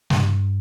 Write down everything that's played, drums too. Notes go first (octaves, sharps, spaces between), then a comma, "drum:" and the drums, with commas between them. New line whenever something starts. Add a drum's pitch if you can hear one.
G2, drum: snare